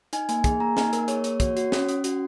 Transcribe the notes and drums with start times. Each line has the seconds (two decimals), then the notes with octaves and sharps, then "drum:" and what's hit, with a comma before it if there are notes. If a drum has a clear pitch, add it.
0.13 D#4 G#5, drum: hi-hat
0.29 A#3 G#5, drum: hi-hat
0.44 G#4 G#5, drum: kick, hi-hat
0.60 A#3 A#5
0.77 D#4 G#5, drum: snare
0.93 A#3 A#4, drum: hi-hat
1.08 G#4 C#5, drum: hi-hat
1.24 A#3 C#5, drum: hi-hat
1.40 F#4 C#5, drum: kick, hi-hat
1.57 F#4, drum: hi-hat
1.72 C#4, drum: snare
1.89 C#4, drum: hi-hat
2.04 F#4, drum: hi-hat